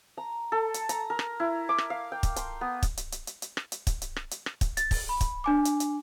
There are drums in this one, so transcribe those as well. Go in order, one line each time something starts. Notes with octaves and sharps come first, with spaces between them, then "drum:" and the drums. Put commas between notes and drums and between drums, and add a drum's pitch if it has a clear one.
A#5
A4
drum: hi-hat
A#5, drum: hi-hat
A#4
drum: rim click
E4
D6
drum: rim click
F5
G5
drum: kick, hi-hat
C6, drum: hi-hat
B3
drum: kick, hi-hat
drum: hi-hat
drum: hi-hat
drum: hi-hat
drum: hi-hat
drum: rim click
drum: hi-hat
drum: kick, hi-hat
drum: hi-hat
drum: rim click
drum: hi-hat
drum: rim click
drum: kick, hi-hat
A6, drum: hi-hat
drum: kick, open hi-hat
B5
drum: kick, hi-hat
D4 G#5 D6
drum: hi-hat
drum: hi-hat